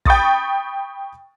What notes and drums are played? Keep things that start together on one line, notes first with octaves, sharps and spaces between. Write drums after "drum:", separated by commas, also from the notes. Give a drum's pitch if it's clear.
G5 B5 C#6 D#6 A6, drum: kick